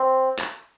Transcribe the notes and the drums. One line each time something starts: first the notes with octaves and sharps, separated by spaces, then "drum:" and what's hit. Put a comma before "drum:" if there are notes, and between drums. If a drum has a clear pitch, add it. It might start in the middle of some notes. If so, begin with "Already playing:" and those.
Already playing: C4
drum: clap